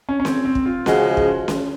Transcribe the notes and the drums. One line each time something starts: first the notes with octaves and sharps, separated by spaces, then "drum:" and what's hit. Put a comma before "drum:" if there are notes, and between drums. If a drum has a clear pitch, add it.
C#4
C#4
C4, drum: snare C#4
C4
drum: kick
F4
C#3 F3 G#3 F#4, drum: snare C#4
drum: kick
drum: snare C#4